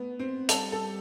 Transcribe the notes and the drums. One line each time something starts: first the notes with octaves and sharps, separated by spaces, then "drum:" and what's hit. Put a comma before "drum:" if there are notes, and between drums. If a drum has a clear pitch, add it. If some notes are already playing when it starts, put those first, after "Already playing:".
Already playing: A3 B3
C4
G3 A4, drum: hi-hat
A4